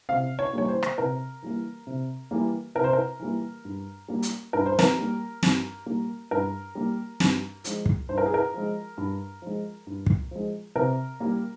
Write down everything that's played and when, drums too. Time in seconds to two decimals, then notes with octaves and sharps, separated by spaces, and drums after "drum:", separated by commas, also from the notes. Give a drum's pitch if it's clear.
0.09 C3 F5
0.39 C#5
0.53 E3 G3 A#3 C#5
0.68 C5
0.83 drum: rim click
0.98 C3 A#4
1.42 E3 G3 A#3
1.87 C3
2.31 E3 G3 A#3
2.75 C3 A#4
2.84 C5
2.93 A#4
3.20 E3 G3 A#3
3.65 G2
4.08 G3 A#3
4.23 drum: hi-hat
4.53 G2 A#4
4.66 C5
4.79 A#4, drum: snare
4.98 G3 A#3
5.43 G2, drum: snare
5.86 G3 A#3
6.31 G2 A#4
6.75 G3 A#3
7.20 G2, drum: snare
7.64 F3 G#3, drum: hi-hat
7.86 drum: kick
8.09 G2 C5
8.18 A#4
8.26 G#4
8.34 A#4
8.54 F3 G#3
8.97 G2
9.42 F3 G#3
9.87 G2
10.06 drum: kick
10.31 F3 G#3
10.75 C3 A#4
11.20 G3 A#3